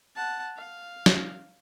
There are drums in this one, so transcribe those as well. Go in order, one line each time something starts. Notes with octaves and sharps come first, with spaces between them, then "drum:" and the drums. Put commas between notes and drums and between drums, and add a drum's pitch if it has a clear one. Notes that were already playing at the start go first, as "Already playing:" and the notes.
F#5 A5
F5
drum: snare